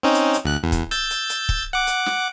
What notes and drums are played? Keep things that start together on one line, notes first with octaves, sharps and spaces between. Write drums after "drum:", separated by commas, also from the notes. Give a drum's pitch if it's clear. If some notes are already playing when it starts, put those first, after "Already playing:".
C4 C#4 D#4
drum: hi-hat
drum: hi-hat
D2 F#6
E2
drum: kick, hi-hat
E6 G6 A6, drum: hi-hat
drum: hi-hat
drum: hi-hat
drum: kick
F#5 D6
drum: hi-hat
drum: snare